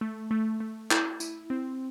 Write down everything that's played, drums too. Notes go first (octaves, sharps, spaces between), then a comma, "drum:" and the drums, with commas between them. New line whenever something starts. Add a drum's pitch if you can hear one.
A3
A3
A3
E4, drum: clap
E4, drum: tambourine
C4